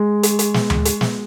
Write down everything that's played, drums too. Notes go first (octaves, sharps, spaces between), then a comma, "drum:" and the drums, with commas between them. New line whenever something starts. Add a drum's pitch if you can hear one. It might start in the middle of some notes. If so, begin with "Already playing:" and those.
Already playing: G#3
drum: hi-hat
drum: hi-hat
drum: snare
drum: tom D2
drum: hi-hat
drum: snare